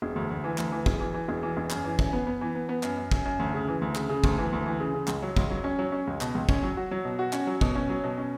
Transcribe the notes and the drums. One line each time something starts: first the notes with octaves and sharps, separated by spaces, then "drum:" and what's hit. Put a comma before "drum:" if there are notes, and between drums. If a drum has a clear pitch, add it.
E1
D2
D2
E3
D2, drum: clap
E3
E1, drum: kick
E3
E3
E1
E3
E1
F#2, drum: clap
E3
F#2, drum: kick
B3
B3
E3
B3
B3
F#2, drum: clap
F#2
F#2, drum: kick
F#2
D2
C#3
E3
D2
C#3, drum: clap
C#3
D2, drum: kick
E3
D2
E3
C#3
C#3
C#2, drum: clap
F#3
C#2, drum: kick
F#3
C#4
F#3
C#4
C#2
B2, drum: clap
C#2
C#4, drum: kick
F#3
F#4
F#3
B2
F#4
C#4, drum: clap
F#3
B2, drum: kick
C#4
F#3
B2
C#4